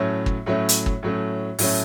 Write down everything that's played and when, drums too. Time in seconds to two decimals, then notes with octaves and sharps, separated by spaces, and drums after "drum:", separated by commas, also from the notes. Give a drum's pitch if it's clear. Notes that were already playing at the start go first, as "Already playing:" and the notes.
Already playing: A2 F#3 A3 C#4
0.26 drum: kick
0.46 A2 F#3 A3 C#4
0.69 drum: hi-hat
0.86 drum: kick
1.03 A2 F#3 A3 C#4
1.59 A2 F#3 A3 C#4, drum: open hi-hat